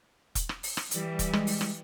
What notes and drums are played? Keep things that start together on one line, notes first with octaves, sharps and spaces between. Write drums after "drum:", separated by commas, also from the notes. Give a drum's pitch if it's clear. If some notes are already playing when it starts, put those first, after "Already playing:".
drum: kick E1, hi-hat
drum: rim click
drum: open hi-hat
drum: rim click
E3 G3, drum: hi-hat
drum: kick E1, hi-hat
G#3, drum: rim click
drum: open hi-hat
drum: rim click